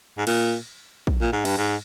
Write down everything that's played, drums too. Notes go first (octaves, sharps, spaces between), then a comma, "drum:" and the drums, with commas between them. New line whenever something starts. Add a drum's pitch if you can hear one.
G#2
A#2, drum: cymbal
drum: kick
A#2
G#2
G2, drum: cymbal
G#2